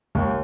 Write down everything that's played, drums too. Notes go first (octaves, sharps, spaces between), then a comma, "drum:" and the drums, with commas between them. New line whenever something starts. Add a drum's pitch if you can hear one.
D#2, drum: kick